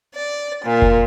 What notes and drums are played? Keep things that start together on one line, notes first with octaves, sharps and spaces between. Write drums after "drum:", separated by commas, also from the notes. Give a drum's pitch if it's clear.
D5
A#2
drum: kick F1